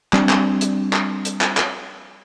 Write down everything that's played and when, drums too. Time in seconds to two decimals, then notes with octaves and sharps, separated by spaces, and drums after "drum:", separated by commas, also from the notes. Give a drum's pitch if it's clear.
0.13 G3 C4 D4, drum: clap
0.29 drum: clap
0.61 drum: hi-hat
0.93 drum: clap
1.25 drum: hi-hat
1.41 drum: clap
1.57 drum: clap